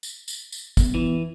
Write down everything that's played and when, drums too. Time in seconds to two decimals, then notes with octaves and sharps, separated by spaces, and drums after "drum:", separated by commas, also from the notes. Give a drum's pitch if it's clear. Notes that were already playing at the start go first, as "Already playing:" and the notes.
0.03 drum: tambourine
0.28 drum: tambourine
0.52 drum: tambourine
0.77 B3, drum: kick, tambourine
0.95 E3